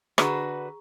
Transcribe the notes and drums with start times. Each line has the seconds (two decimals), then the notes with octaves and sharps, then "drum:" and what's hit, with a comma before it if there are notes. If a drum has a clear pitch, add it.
0.18 D3 F#4 G#4 B4 A#5 C#6, drum: rim click